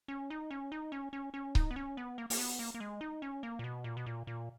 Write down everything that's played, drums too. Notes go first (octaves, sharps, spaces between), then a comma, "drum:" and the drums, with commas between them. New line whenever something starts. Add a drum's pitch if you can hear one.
C#4
D#4
C#4
D#4
C#4
C#4
C#4
D#4, drum: kick C#1
B3
C#4
B3
A#3
A#3, drum: open hi-hat
B3
A#3
A#3
G#3
D#4
C#4
A#3
A#2
B2
A#2
B2
A#2
A#2